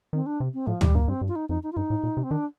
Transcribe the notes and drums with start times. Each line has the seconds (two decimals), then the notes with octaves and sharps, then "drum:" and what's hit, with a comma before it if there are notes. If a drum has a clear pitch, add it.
0.13 D#3 C4
0.26 D4
0.40 C3
0.54 C4
0.67 A2 F3
0.81 A2 G3, drum: tom
0.95 G2 A#3
1.08 G2 C4
1.21 G2
1.28 F4
1.35 D#4
1.49 F2 D#4
1.63 D#4
1.72 F4
1.77 G2 D#4
1.90 A2
2.04 A#2
2.17 C3
2.23 C4
2.31 D#3 D4